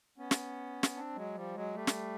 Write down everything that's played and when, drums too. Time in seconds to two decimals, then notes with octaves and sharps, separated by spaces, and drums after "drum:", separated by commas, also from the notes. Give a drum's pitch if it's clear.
0.18 B3 C#4
0.31 drum: snare
0.83 drum: snare
0.96 C4 D4
1.15 F#3 G#3
1.35 F3 G3
1.55 F#3 G#3
1.74 G3 A3
1.87 drum: snare